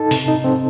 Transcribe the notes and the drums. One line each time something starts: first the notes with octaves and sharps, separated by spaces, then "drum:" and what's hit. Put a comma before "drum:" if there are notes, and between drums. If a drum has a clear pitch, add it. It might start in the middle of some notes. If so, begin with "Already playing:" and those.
Already playing: D#4 A4 A5
C3, drum: open hi-hat
D#4
C4